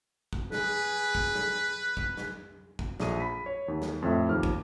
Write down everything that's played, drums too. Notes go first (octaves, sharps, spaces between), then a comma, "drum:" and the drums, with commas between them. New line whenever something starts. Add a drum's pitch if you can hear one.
drum: kick
G#4 B4, drum: snare
drum: kick
drum: snare
drum: kick
drum: snare
drum: kick
A#1 G#4 D#7, drum: snare
B5 B6
C#5
D#2
drum: snare
F2 A2 E5
D#2 F3 D6 F6
drum: kick